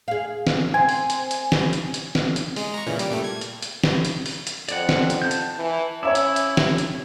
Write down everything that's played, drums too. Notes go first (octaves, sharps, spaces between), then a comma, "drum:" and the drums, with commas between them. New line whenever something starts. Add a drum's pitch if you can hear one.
G#4 F5
drum: snare
C4 G#5
drum: open hi-hat
drum: hi-hat
drum: hi-hat
drum: snare
drum: hi-hat
drum: hi-hat
drum: snare
drum: hi-hat
G#3, drum: open hi-hat
A#5 C#6
A#2 C#3 E3
G3, drum: hi-hat
A#2 G3 A3
G#6
drum: hi-hat
drum: hi-hat
drum: snare
drum: hi-hat
drum: open hi-hat
drum: hi-hat
F2 D5 F#5, drum: hi-hat
drum: snare
drum: hi-hat
A5 G6
drum: hi-hat
E3
C#4 E4 C#5 E5 D6
drum: hi-hat
drum: hi-hat
drum: snare
drum: hi-hat